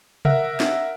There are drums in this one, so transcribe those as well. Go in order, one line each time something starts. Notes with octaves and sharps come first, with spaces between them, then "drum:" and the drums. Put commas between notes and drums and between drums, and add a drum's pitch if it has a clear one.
A#4 E5 F#5, drum: tom C3
drum: snare